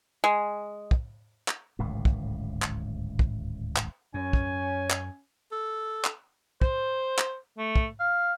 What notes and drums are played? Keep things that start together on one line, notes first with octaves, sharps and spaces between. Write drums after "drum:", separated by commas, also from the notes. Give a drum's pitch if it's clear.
G#3
drum: kick
drum: clap
D1 G#1 C#2 A2
drum: kick
drum: clap
drum: kick
drum: clap
F#2 C#4 G#5
drum: kick
drum: clap
A4
drum: clap
C5, drum: kick
drum: clap
A3
drum: kick
F5